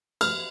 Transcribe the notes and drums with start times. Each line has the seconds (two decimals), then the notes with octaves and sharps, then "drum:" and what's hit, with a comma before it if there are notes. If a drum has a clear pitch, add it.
0.21 F6, drum: cymbal